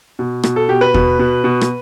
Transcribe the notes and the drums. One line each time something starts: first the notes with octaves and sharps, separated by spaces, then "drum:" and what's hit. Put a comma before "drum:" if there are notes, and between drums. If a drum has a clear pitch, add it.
B2
B2, drum: rim click
A4
B2 G4
B4
B2, drum: kick
B2
B2
drum: rim click